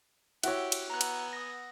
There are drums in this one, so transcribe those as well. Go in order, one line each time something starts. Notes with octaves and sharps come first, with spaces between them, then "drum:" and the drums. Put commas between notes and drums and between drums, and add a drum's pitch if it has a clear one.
E4 F#4 G4 C#5 F#5 E6, drum: cymbal
drum: cymbal
B3 G#5 A#5 F#6
drum: cymbal
D#6 A#6